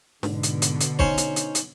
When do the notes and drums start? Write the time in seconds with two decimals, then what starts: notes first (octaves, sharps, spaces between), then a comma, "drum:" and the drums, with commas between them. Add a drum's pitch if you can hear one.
0.23 G#2 B2 D3, drum: snare
0.43 drum: hi-hat
0.62 drum: hi-hat
0.80 drum: hi-hat
0.99 C#4 D#4 C5 C#5, drum: kick
1.18 drum: hi-hat
1.36 drum: hi-hat
1.55 drum: hi-hat